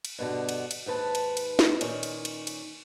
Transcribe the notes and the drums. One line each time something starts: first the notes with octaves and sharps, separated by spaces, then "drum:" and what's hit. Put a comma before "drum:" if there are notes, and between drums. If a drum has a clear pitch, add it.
drum: cymbal
G2 B2 D3
drum: cymbal
drum: cymbal
D#2 G#2 B4 A5
drum: cymbal
drum: cymbal
drum: snare
A#2 D#3 C#4, drum: cymbal
drum: cymbal
drum: cymbal
drum: cymbal